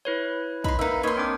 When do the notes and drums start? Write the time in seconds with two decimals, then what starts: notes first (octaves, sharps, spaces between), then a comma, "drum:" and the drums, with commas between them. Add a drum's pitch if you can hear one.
0.05 E4 B4 C#5
0.64 D#4 B5 C6, drum: kick
0.79 A#3 D#4 B4 E5
1.03 A#3 D#4 A#4 B4 C#5 D#5 C6
1.17 C4 D4 D6